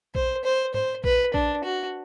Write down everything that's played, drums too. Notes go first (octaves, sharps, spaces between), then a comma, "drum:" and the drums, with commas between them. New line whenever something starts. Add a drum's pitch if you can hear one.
C5, drum: kick A#1
C5
C5, drum: tom
B4, drum: kick A#1
D4, drum: kick A#1
F#4